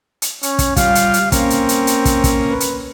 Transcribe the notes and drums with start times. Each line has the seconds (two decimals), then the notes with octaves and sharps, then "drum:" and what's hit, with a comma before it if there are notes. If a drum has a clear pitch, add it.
0.22 drum: hi-hat
0.43 C#4, drum: hi-hat
0.59 drum: kick, hi-hat
0.76 G3 F4 F5, drum: kick, hi-hat
0.95 drum: hi-hat
1.14 drum: hi-hat
1.32 A#3 C4 C#4, drum: kick, hi-hat
1.50 drum: hi-hat
1.69 drum: hi-hat
1.87 drum: hi-hat
2.05 drum: kick, hi-hat
2.24 drum: kick, hi-hat
2.50 B4
2.60 drum: hi-hat